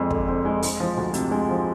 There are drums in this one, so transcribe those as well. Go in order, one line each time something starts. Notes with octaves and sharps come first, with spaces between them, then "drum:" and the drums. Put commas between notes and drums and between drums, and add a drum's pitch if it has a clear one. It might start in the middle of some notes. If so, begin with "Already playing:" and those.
Already playing: F2 G#3 C4 D4
D3, drum: kick
C4
G#3
G#3, drum: open hi-hat
F3
D2
C3, drum: hi-hat
G#3
F3